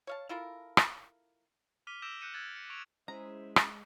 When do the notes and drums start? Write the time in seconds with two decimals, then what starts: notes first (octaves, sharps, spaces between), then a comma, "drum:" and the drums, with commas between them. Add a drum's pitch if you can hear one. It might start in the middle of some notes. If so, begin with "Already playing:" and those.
0.07 C#5 F5 A5
0.29 E4 F4 A4 A#4
0.77 drum: rim click
1.87 D6 F6 B6 D#7 G7
2.02 D6 E6 G6 A#6 D7 E7
2.21 F#6 G6 C#7 D#7 E7
2.34 E6 F#6 G#6 A6 F#7
2.56 C#7
2.70 C#6 D7 F7
3.08 G#3 C#4 E4 G#4 C5 E5 A#5
3.56 drum: rim click